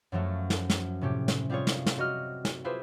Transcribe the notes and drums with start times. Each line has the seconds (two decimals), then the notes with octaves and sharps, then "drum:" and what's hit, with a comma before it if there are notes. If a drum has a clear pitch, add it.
0.12 F#2 F3 F#3 A3
0.50 drum: snare
0.70 drum: snare
1.01 A2 C3 C#4 G4
1.28 drum: snare
1.50 G3 C4 F4 G#4 C#5
1.67 drum: snare
1.86 drum: snare
1.98 G3 F#4 D#5 F6
2.45 drum: snare
2.64 E4 F4 G4 G#4 B4 C5